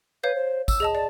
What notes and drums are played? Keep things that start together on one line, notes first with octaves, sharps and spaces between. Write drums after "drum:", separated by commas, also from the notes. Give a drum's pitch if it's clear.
B4 C#5 F5 G6
C5
E6, drum: kick, tambourine
G#4 D#5 A5
D5 A5